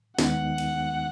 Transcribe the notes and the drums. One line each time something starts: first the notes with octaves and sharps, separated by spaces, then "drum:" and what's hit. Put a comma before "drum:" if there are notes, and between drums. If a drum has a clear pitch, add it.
D#2 D#3 G#3 B3 D#4 F#5, drum: snare
drum: cymbal